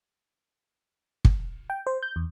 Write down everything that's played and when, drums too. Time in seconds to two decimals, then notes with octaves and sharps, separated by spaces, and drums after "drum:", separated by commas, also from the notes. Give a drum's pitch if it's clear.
1.25 drum: kick
1.70 G5
1.87 C5
2.03 G6
2.16 E2